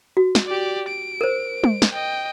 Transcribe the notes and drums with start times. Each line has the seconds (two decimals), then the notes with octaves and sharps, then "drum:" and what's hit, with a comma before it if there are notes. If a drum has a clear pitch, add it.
0.17 F#4
0.35 drum: snare
0.47 G4 D5
0.88 D7
1.21 A#4 C5
1.64 drum: tom
1.82 drum: snare
1.92 D#5 G5